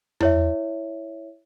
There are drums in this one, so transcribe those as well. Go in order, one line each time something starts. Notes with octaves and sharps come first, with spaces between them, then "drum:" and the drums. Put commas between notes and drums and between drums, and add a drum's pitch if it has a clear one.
E4 C#5 E5, drum: tom E2